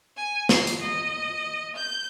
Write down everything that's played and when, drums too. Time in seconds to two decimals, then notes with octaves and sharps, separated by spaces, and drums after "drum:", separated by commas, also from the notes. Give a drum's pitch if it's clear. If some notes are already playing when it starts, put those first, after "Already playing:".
0.17 G#5
0.49 C7, drum: snare
0.67 drum: hi-hat
0.82 D#5
1.76 G6